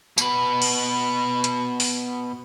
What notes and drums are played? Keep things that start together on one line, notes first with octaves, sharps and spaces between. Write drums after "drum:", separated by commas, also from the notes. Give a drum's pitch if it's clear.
B2 B4, drum: tambourine
drum: cymbal
drum: hi-hat
drum: open hi-hat